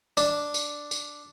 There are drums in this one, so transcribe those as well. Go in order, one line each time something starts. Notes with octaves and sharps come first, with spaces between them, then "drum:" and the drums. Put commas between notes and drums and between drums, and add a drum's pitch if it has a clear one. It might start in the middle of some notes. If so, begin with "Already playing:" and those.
D4, drum: tambourine
drum: tambourine
drum: tambourine